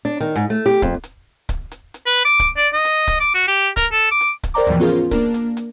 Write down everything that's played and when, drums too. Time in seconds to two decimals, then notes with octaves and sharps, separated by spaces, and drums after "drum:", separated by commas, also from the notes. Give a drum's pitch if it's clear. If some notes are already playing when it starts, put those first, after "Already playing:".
0.05 D4
0.20 D#3
0.36 G#2, drum: hi-hat
0.50 A3
0.66 G4
0.82 F2, drum: kick C#1
1.04 drum: hi-hat
1.49 drum: kick C#1, hi-hat
1.72 drum: hi-hat
1.94 drum: hi-hat
2.06 B4
2.25 D6
2.40 drum: kick C#1, hi-hat
2.57 D5
2.74 D#5
2.85 drum: hi-hat
3.07 drum: kick C#1, hi-hat
3.20 D6
3.34 F#4
3.48 G4
3.77 A#4, drum: kick C#1, hi-hat
3.92 A4
4.11 D6
4.21 drum: hi-hat
4.43 drum: kick C#1, hi-hat
4.54 A#4 C5 D5 G5 A#5 D6
4.67 D#2 G#2 B2 E3 F3, drum: hi-hat
4.79 B3 C#4 F4 G#4 A#4 C5
4.89 drum: hi-hat
5.11 A#3 D4 A#4, drum: kick C#1, hi-hat
5.34 drum: hi-hat
5.57 drum: hi-hat